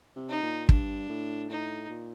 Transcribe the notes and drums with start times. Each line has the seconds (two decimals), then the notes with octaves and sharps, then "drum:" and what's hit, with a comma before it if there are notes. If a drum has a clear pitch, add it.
0.16 C3
0.29 D#4
0.43 A#2
0.69 G2 D4, drum: kick
1.09 A2
1.49 A2 D#4
1.90 A#2